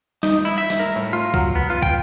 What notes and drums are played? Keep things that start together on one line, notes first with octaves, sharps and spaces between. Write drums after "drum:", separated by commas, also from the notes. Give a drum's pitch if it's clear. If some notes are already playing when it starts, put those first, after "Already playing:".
D#4, drum: snare
E4
E5
drum: snare
A#4
A2
F4
F#3, drum: kick
B3
F4
G5, drum: kick